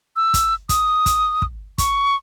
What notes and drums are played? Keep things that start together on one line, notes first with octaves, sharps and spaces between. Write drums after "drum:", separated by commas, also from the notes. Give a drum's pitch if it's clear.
E6
drum: kick, hi-hat
D#6, drum: kick, hi-hat
drum: kick, hi-hat
drum: kick
C#6, drum: kick, hi-hat